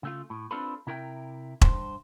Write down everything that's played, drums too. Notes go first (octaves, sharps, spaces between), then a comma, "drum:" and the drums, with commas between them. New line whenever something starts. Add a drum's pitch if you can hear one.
C#3 A3 F4
A2
C4 D4 F4 A4 B4
C3 E4 A#4 B4 G5
G2 C5, drum: kick E1